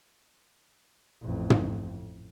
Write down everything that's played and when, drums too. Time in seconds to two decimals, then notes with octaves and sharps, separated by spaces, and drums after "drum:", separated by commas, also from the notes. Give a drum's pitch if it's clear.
1.22 A1 F2
1.50 drum: tom